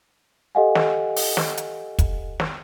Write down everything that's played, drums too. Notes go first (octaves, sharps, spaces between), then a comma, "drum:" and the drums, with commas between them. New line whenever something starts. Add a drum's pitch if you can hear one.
G4 A4 D#5 F5 F#5 G#5
drum: snare
drum: open hi-hat
drum: snare
drum: hi-hat
drum: kick, hi-hat
drum: snare